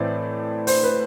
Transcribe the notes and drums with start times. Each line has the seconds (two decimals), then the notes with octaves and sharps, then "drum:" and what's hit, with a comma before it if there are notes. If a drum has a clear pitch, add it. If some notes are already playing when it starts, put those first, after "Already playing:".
Already playing: A2 E3 A3 C4 D5
0.67 C5, drum: open hi-hat
0.83 B4